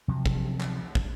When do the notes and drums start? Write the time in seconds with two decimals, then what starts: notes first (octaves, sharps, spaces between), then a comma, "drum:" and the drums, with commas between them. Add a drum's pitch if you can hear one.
0.08 C3 F3 F#3
0.26 drum: kick
0.60 drum: clap
0.95 drum: kick